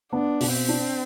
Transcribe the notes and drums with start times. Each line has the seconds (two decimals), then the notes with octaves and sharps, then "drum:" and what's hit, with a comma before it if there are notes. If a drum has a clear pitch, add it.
0.13 B3 D4
0.40 B2, drum: open hi-hat
0.54 C4
0.68 D4